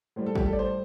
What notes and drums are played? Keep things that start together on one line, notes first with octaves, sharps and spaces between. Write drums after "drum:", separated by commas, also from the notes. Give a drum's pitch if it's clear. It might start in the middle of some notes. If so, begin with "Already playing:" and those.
A2 G3 C5
A4
G4, drum: kick
A4
D5
C5